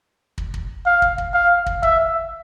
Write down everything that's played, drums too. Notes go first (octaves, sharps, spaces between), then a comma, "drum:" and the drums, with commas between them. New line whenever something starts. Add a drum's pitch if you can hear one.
drum: kick
drum: kick
F5
drum: kick
drum: kick
F5
drum: kick
E5, drum: kick